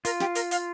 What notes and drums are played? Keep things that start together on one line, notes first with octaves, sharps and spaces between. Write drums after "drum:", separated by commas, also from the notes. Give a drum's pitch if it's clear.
F4 A#4, drum: hi-hat
G4, drum: snare
A#4, drum: hi-hat
F5, drum: hi-hat